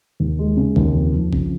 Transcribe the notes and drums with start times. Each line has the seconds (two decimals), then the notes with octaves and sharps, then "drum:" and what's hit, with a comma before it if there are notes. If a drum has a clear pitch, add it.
0.20 D#2
0.39 G#3
0.57 C#3
0.76 D#2, drum: kick
0.94 F2
1.13 F3
1.33 C#3, drum: kick